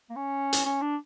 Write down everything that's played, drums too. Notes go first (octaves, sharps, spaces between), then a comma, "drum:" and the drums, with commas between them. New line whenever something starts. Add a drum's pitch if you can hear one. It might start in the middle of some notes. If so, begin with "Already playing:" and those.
A#3
C#4
drum: hi-hat
C#4
D4